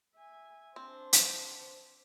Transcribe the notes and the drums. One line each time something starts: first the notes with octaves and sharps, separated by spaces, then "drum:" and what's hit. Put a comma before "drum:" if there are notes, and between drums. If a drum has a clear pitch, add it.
E5 G#5
C4 D4 C5
drum: hi-hat